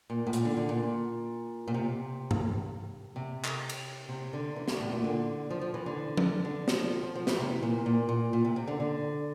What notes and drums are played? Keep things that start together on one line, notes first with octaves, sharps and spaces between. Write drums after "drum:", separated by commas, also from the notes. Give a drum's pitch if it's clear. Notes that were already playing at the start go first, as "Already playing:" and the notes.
A#2
A2
A#2, drum: hi-hat
D3
D3
A#2
A#2
C3
drum: tom G2
C3
drum: clap
drum: cymbal
C3
D3
E3
D3, drum: snare
A2
A#2
D3
F3
F3
E3
D3
drum: tom F3
D3
F3, drum: snare
F3
F3
E3, drum: snare
C3
A#2
A#2
A#2
A#2
C3
C3
D3
D3